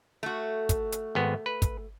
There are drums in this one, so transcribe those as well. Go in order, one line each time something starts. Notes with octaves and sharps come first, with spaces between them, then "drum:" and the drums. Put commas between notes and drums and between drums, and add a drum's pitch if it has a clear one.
A3 F#4
drum: kick, hi-hat
drum: hi-hat
G#1 B3
B4
drum: kick, hi-hat